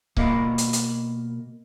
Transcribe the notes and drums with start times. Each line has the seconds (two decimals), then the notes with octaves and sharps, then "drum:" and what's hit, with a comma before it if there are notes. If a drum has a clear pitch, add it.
0.17 B2 A#3 A#4 D#5 F5 B5, drum: kick C#1
0.58 drum: hi-hat
0.73 drum: hi-hat